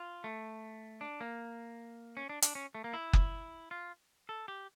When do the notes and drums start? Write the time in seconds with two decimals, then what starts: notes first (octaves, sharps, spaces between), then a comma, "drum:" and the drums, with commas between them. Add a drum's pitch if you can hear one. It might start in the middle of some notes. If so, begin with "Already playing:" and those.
Already playing: F4
0.24 A3
1.01 D4
1.21 A#3
2.17 C#4
2.29 D4
2.42 D4, drum: hi-hat
2.55 C#4
2.75 A3
2.84 A#3
2.93 E4
3.13 drum: kick F#1
3.71 F4
4.29 A4
4.48 G4